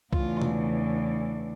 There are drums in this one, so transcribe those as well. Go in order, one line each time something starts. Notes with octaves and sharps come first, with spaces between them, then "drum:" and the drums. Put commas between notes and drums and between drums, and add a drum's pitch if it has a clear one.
E2 C#3 E3 A3 D4 F4, drum: kick C2
drum: tom B2